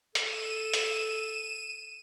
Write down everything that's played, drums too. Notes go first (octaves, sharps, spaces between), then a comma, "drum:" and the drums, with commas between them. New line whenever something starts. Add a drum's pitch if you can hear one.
A4 D#7 E7, drum: hi-hat
drum: hi-hat